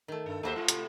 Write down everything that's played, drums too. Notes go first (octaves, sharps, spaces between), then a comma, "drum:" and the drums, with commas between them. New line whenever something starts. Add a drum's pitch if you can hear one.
D#3 A3
G2 A4
D#2 A3 D#4 F#4 G4 C5 E5
A2 G#3 F4
C3, drum: hi-hat